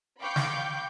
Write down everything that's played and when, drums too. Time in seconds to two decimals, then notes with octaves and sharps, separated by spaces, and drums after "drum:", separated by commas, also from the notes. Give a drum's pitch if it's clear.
0.21 F5 G5 B5 C#6 D6 G6
0.36 drum: snare